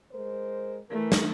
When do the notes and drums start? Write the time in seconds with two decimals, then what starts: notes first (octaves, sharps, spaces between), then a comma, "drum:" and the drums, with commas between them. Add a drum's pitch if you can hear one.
0.12 G#3 A#4 C5
0.90 E3 A3 A#4
1.12 drum: snare